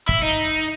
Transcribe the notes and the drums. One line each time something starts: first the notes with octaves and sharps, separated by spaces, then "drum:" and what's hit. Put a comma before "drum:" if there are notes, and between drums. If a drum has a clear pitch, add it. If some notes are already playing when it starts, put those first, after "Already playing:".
E4, drum: kick
D#4